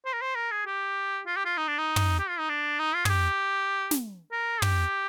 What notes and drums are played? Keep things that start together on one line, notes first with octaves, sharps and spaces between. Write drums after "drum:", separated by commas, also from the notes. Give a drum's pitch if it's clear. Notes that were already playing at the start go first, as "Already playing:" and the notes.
C5
A#4
C5
A#4
G#4
G4
F4
G4
F4
D#4
D4
D#4
drum: tom
G4
F4
D#4
D4
D#4
F4
G#4, drum: tom
G4
drum: snare
A#4
G4, drum: tom